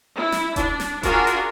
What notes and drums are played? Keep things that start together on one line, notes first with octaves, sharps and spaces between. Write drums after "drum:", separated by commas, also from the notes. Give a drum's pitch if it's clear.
E4
drum: snare
D4, drum: kick D#1, hi-hat
drum: snare
D4 F4 F#4 G#4 A#4, drum: kick D#1, hi-hat
drum: hi-hat